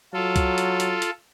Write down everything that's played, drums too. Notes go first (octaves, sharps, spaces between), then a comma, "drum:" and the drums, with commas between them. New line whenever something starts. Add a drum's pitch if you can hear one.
F#3 F4 A4
drum: kick C2, hi-hat
drum: hi-hat
drum: hi-hat
drum: hi-hat